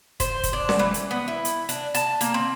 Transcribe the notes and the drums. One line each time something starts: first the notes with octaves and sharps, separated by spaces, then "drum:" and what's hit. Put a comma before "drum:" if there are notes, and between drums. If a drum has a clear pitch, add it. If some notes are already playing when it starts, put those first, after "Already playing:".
C5, drum: kick, hi-hat
drum: kick, hi-hat
D4
drum: snare C#4
E3
drum: hi-hat
B3
E4
drum: hi-hat
D4, drum: hi-hat
A5, drum: hi-hat
A#3, drum: hi-hat
C4